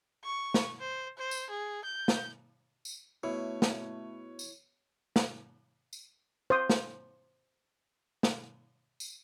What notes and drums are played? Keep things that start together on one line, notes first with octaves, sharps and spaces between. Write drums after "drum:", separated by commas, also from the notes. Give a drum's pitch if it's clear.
C#6
drum: snare
C5
C5
drum: tambourine
G#4
G6
drum: snare
drum: tambourine
B2 A3 E4 C#5
drum: snare
drum: tambourine
drum: snare
drum: tambourine
C5 D#6
drum: snare
drum: snare
drum: tambourine